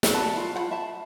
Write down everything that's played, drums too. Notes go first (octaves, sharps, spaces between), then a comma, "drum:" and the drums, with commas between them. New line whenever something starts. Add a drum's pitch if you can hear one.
drum: snare
F#4 D5 A5 B5
F4
F4 F#5 B5
E5 A5